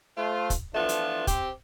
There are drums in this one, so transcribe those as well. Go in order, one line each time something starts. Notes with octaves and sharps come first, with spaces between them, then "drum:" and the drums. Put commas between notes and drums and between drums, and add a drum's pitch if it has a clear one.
A3 F4 C5
drum: kick, hi-hat
E3 F3 A3 B3 D4 F4
drum: hi-hat
C4 G4, drum: kick, hi-hat